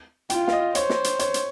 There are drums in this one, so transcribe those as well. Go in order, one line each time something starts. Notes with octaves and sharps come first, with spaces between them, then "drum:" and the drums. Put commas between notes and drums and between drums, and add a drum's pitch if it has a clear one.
F4 G5, drum: hi-hat
F5, drum: snare
D#5
C5 C#5, drum: hi-hat
drum: snare
drum: hi-hat
C#5, drum: hi-hat
drum: hi-hat